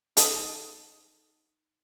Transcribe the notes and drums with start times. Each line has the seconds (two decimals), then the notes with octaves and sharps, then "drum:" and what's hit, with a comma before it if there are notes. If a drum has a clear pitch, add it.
0.17 D#4 A4 D#5, drum: hi-hat